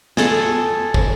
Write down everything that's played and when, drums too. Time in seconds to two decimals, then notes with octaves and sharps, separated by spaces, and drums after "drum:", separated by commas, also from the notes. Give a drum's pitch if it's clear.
0.17 G#4 A4, drum: snare
0.94 drum: kick